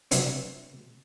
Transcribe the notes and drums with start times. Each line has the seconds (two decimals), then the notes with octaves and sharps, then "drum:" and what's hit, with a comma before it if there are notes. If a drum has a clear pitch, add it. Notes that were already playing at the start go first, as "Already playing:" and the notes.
0.11 G2 C3 F#3 C4, drum: hi-hat